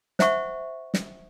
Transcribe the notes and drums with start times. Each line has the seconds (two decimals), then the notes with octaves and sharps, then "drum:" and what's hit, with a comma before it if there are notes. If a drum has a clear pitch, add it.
0.19 C5 E5 F#5 C#6, drum: snare
0.94 drum: snare